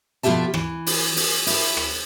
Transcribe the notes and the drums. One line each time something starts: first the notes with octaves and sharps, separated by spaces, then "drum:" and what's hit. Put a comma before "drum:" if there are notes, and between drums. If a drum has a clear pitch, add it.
F2 B2 F4 G4 E5 A5
E3, drum: rim click
drum: open hi-hat
drum: open hi-hat
E4, drum: open hi-hat
drum: rim click